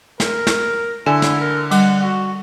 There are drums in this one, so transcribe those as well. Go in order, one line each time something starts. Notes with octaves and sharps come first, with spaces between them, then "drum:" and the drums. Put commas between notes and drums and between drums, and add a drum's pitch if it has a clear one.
A#4, drum: snare
drum: snare
D3 E4 G#5
drum: snare
A#4
G3 F#5, drum: cymbal
F#4